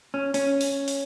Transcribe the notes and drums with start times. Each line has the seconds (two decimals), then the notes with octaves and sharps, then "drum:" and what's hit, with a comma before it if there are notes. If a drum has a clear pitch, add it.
0.14 C#4
0.34 C#4, drum: open hi-hat
0.61 drum: open hi-hat
0.88 drum: open hi-hat